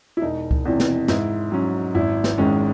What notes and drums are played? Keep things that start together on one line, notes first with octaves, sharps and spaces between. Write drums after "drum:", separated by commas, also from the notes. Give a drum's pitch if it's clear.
E4
E1 D#4
drum: kick C#2
E2 C3 E3
drum: snare
G#2 E4, drum: snare
F#3 C#4
G#1 E4
drum: snare
G#2 D#3 G#3 C#4